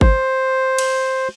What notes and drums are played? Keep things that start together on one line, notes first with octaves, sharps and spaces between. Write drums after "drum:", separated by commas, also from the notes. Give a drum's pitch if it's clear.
C5, drum: kick G1
drum: cymbal